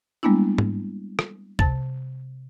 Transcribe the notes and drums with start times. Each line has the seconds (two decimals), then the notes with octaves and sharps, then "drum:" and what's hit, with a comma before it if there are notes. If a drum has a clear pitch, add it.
0.23 G3 G#3 A#3 B3 D4 E4
0.58 drum: tom
1.19 drum: rim click
1.59 C3 A5 A6, drum: kick